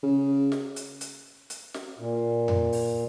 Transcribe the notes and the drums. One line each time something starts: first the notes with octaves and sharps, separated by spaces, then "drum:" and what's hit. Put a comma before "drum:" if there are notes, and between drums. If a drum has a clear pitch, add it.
C#3
drum: snare
drum: hi-hat
drum: hi-hat
drum: hi-hat
drum: snare
A#2
drum: tom F2
drum: open hi-hat